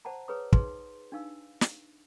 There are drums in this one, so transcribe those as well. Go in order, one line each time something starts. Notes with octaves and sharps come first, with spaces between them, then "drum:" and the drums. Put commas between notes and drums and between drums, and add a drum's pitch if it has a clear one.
C5 D5 F#5 A5 A#5
G#4 B4 C#5 A#5 D#6
D#4 G#4 B4 D5 C6, drum: kick
D4 D#4 F5 E6
drum: snare